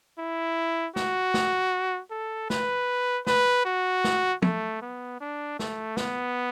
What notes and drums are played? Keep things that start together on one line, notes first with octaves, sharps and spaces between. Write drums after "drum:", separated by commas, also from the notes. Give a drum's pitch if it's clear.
E4
F#4, drum: snare
drum: snare
A4
B4, drum: snare
B4, drum: snare
F#4
drum: snare
A3, drum: tom F3
B3
D4
A3, drum: snare
B3, drum: snare